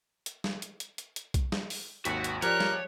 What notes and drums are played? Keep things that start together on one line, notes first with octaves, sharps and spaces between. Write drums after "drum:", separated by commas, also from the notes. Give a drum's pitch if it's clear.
drum: hi-hat
drum: snare
drum: hi-hat
drum: hi-hat
drum: hi-hat
drum: hi-hat
drum: kick B1, hi-hat
drum: snare
drum: open hi-hat
G#1 D#2 F#4 F#5 B6, drum: hi-hat
drum: hi-hat
F3 G4 A#4 C#5 D5 F#6, drum: hi-hat
drum: snare